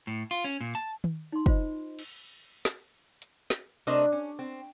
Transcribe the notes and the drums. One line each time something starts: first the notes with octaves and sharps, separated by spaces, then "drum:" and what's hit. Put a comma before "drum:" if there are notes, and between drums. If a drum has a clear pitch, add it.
A2
F4
C#4
A#2
A5
drum: tom D#3
D#4 C6
F4 C5 D#5, drum: kick
drum: cymbal
drum: snare
drum: hi-hat
drum: snare
C3 A3 D4 A#4 C5 D#5
C#4
C4